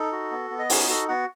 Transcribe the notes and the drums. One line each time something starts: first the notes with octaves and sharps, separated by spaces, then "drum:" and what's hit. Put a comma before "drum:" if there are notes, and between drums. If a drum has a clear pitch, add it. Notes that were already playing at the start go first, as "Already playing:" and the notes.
Already playing: D#4 A4
F#4
B3
B3
D#5
C#4 D#4 C#5, drum: open hi-hat
F#4 A4
B3 F#4 F#5